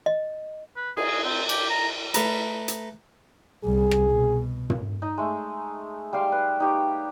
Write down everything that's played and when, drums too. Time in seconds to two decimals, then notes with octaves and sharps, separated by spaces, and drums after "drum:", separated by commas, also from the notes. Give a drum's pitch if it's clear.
0.06 D#5
0.77 B4
0.97 G#4, drum: cymbal
1.24 C4
1.49 G4, drum: cymbal
1.70 A#5
2.14 A3 B4 A#5, drum: hi-hat
2.68 drum: hi-hat
3.64 C2 G3 G#4
3.91 drum: rim click
4.11 B2
4.70 drum: tom
5.02 D#4
5.18 G#3 A3
6.13 G3 F5 G5 C6
6.32 B4
6.60 D#4 G4 C#5